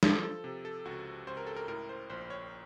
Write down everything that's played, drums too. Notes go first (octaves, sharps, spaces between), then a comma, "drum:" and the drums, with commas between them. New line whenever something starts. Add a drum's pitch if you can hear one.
F3 A4, drum: snare
A4
C3
A4
C#2 F#4
C#2 C5
A#4
A4
A#4
A2 A#4
C5
A#1 C5
C#5